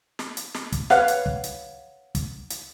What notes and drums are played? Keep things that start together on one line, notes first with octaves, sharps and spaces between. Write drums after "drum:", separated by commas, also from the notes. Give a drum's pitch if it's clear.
drum: snare
drum: hi-hat
drum: snare
drum: kick, hi-hat
B4 C#5 F5 F#5, drum: snare
drum: hi-hat
drum: kick
drum: hi-hat
drum: kick, hi-hat
drum: hi-hat